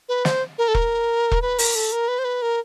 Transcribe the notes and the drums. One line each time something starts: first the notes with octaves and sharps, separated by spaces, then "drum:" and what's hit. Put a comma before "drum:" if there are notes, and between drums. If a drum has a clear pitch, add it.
B4
C5, drum: snare
A#4
A4
A#4, drum: kick E1
drum: kick E1
B4
A#4, drum: open hi-hat
A4
A#4
B4
C5
B4
A#4